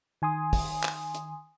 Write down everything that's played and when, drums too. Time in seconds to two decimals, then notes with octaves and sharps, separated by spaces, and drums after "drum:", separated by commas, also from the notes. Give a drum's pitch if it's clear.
0.22 D#3 G#5 C6 D#6
0.53 drum: kick, open hi-hat
0.84 drum: clap
1.15 drum: hi-hat